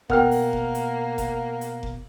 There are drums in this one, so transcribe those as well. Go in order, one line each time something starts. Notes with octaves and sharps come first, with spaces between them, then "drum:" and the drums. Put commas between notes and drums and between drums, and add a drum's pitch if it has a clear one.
B2 A#3 A#4 F#5 G5 F6, drum: kick F1
drum: open hi-hat
drum: kick F1
drum: hi-hat
drum: kick F1, hi-hat
drum: hi-hat
drum: kick F1